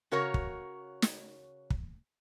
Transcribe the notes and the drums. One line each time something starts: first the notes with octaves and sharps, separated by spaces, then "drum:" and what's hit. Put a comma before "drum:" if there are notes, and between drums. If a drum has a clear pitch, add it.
C#3 F#4 A#4 C#5 A#5
drum: kick
drum: snare
drum: kick